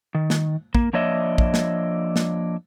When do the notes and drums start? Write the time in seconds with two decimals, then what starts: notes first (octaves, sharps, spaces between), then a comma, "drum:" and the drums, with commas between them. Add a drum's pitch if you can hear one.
0.15 D#3
0.30 drum: snare
0.75 A#3, drum: kick
0.93 F3 A#3 D4 C#5 D#5 E5
1.38 drum: kick
1.54 drum: snare
2.16 drum: snare